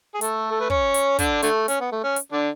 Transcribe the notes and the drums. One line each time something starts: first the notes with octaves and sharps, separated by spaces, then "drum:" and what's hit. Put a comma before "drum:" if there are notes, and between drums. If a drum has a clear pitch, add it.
G#4
A3 A4, drum: hi-hat
A4
B4
C#4 C#5, drum: kick
drum: hi-hat
D3 D4, drum: kick, hi-hat
D3 A3, drum: hi-hat
C#4, drum: hi-hat
B3
A3
C#4
drum: hi-hat
D3 D4